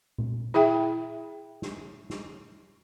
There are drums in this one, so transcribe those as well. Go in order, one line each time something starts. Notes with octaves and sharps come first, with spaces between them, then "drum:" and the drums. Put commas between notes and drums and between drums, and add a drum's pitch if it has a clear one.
drum: tom A#2
E4 G#4 E5 G5
drum: snare
drum: snare